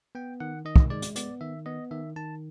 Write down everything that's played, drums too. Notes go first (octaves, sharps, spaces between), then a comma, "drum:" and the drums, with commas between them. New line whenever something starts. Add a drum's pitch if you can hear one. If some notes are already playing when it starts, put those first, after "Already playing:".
B3 G5
D#3 F#5
D#3 D#5
drum: kick
G#3 D5
drum: hi-hat
B3 D5, drum: hi-hat
D#3 E5
B3 D#5
D#3 E5
D#3 A5